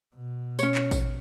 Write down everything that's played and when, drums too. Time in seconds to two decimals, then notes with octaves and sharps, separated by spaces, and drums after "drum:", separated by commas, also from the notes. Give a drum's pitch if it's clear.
0.16 B2
0.59 C#4 C#5, drum: tambourine
0.75 drum: clap
0.91 drum: kick A1, tambourine